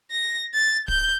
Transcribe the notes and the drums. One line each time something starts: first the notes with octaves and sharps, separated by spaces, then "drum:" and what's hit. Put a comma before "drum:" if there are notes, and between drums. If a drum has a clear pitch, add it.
A#6
A6
G6, drum: kick